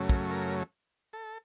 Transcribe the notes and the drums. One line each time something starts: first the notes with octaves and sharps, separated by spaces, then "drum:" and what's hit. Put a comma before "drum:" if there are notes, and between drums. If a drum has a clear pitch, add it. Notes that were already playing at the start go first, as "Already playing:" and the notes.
Already playing: F#2 C#3 F#3 A3
A#4, drum: kick
A#4
A4